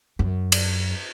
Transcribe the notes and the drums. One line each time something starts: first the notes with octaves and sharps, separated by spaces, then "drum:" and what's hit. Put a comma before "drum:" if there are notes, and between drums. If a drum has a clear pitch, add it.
F#2
drum: cymbal